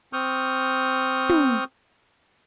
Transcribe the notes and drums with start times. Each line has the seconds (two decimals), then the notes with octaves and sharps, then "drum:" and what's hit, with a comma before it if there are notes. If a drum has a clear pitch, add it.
0.13 C4 C#6 D#6 F6 G6
1.29 drum: tom